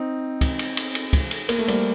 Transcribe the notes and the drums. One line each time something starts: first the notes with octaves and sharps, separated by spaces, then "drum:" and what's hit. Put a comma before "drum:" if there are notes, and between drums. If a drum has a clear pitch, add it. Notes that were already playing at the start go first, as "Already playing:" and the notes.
Already playing: C4 D#4
drum: kick, cymbal
drum: cymbal
drum: cymbal
drum: cymbal
drum: kick, cymbal
drum: cymbal
A#3, drum: cymbal
A3
G3 A#3, drum: cymbal